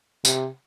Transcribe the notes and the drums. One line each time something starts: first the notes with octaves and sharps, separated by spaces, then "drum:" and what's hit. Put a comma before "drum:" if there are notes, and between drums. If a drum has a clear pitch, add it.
C3, drum: tambourine